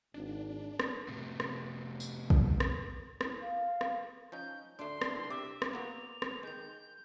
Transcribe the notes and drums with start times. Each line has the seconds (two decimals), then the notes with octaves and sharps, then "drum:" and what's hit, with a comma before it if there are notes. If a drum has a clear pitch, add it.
0.14 G#1 D4
0.80 drum: rim click
1.08 A2 C3
1.40 drum: rim click
2.00 drum: tambourine
2.30 drum: kick
2.60 drum: rim click
3.21 E4, drum: rim click
3.41 F5
3.81 drum: rim click
4.32 F3 C#4 D#4 G6
4.79 D2 A3 D4 C6
5.02 drum: rim click
5.16 C2
5.30 C3 E5 D6
5.62 drum: rim click
5.73 A#3 B3 F#4 F7
6.22 drum: rim click
6.43 D#3 G#3 G6